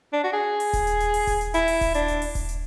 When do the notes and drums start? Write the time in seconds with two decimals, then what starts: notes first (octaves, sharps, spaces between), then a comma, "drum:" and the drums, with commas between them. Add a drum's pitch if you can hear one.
0.13 D4
0.24 F#4
0.33 G#4
0.60 drum: open hi-hat
0.73 drum: kick D#1, hi-hat
0.87 drum: hi-hat
1.00 drum: hi-hat
1.14 drum: open hi-hat
1.27 drum: kick D#1, hi-hat
1.41 drum: hi-hat
1.54 E4, drum: hi-hat
1.68 drum: open hi-hat
1.81 drum: kick D#1, hi-hat
1.94 D4, drum: hi-hat
2.08 drum: hi-hat
2.22 drum: open hi-hat
2.35 drum: kick D#1, hi-hat
2.49 drum: hi-hat